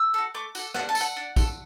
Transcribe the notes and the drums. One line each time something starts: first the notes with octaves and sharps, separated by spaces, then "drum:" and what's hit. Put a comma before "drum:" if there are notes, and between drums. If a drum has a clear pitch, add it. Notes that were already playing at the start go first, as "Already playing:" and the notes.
Already playing: E6
F#4 A4
A3 D6
F#4 A4, drum: tambourine
D4 F#5, drum: rim click
A5
A4, drum: tambourine
F#5
D4
A4, drum: kick, tambourine